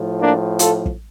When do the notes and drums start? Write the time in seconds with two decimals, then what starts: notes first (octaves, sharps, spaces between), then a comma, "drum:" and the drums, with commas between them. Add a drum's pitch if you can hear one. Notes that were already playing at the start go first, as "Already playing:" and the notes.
Already playing: A2 F3
0.20 A#3 D4
0.59 F4 A4, drum: hi-hat
0.86 drum: kick